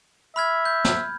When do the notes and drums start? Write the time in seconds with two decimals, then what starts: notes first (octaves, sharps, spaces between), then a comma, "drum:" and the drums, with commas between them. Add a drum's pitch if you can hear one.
0.36 E5 B5 F6 G#6
0.65 G6
0.84 drum: snare